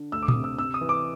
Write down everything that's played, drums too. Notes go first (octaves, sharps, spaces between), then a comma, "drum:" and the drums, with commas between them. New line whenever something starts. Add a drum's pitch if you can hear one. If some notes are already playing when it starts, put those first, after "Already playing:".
Already playing: D3
D2 E6
D6
D#6, drum: tom A#2
C3
E6
C3 E6
D#6
E3
D6